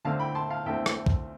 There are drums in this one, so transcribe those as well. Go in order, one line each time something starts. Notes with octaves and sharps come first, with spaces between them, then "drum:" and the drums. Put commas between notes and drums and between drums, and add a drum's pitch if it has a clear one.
D2 D3 A3 C4 F5 A5
G5 B5
A5 C6
F5 A5
D2 D3 A3 C4 E5 G5
drum: rim click
drum: kick